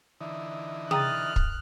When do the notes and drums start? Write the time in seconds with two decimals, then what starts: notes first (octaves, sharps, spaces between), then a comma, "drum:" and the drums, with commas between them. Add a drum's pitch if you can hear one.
0.21 D3 E3 D#4
0.91 G#4 G5 A#5 D#6 F6 F#6 A6, drum: tom C3
1.36 drum: kick